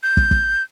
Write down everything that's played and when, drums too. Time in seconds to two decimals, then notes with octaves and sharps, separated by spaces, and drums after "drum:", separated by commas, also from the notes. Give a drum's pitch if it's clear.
0.03 G6
0.17 drum: kick
0.31 drum: kick